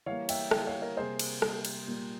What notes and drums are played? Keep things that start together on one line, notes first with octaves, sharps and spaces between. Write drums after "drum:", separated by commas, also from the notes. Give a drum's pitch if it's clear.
E3 G3 A#3 C#5 F5
E5 G5, drum: cymbal
E3 G3 A#3 E5 G5, drum: rim click
C#5 F5
A#4 C#5
C3 G3 A#3 G#4 C5
drum: cymbal
C3 G3 A#3, drum: rim click
drum: cymbal
A#2 G3 A#3